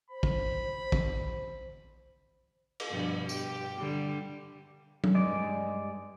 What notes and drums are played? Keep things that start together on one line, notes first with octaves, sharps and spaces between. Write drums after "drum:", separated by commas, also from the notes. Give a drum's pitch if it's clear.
C5 B5
drum: kick
drum: kick
drum: cymbal
G2 B2 F3
G4, drum: tambourine
D3 G3
drum: tom F#3
G2 G#3 D5